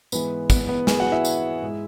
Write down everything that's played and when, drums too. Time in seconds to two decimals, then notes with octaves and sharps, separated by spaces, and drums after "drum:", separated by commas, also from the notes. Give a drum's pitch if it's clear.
0.12 G#2 E3 G#3 B3 B4, drum: tambourine
0.50 B3 B4, drum: kick, tambourine
0.69 B3 B4
0.87 G#4 G#5, drum: snare
1.00 F#4 F#5
1.12 E4 E5
1.25 drum: tambourine
1.62 G#2 G#3